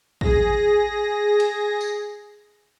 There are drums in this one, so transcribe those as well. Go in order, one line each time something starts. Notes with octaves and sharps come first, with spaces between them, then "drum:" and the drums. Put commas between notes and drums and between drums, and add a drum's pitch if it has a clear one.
G#4 A#6, drum: kick
drum: hi-hat
drum: tambourine